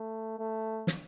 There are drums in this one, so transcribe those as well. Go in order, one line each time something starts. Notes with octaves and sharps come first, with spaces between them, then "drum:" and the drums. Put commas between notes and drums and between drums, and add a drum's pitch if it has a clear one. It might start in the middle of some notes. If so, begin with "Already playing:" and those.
Already playing: A3
A3
drum: snare